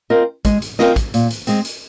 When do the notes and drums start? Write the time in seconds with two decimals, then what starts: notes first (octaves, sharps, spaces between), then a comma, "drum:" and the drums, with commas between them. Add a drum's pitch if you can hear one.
0.10 C4 F4 A#4 D#5
0.45 G#3, drum: kick, hi-hat
0.62 drum: hi-hat
0.79 C4 F4 A#4 D#5, drum: snare
0.96 drum: kick, hi-hat
1.14 A#2, drum: hi-hat
1.30 drum: hi-hat
1.47 G#3 C4, drum: hi-hat
1.65 drum: hi-hat